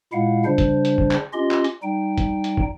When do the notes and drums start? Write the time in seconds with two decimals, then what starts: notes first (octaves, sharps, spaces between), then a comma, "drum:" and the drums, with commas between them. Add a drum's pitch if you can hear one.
0.13 A#2 G#3 E4 F5 F#5
0.45 C#3 G3 D4 C5
0.58 drum: kick, hi-hat
0.85 drum: hi-hat
0.98 drum: kick
1.11 drum: clap
1.33 C#4 F4 G4 D#5 C6
1.51 drum: clap
1.64 drum: hi-hat
1.82 G3 D#4 G5
2.18 drum: kick, hi-hat
2.44 drum: hi-hat
2.57 drum: kick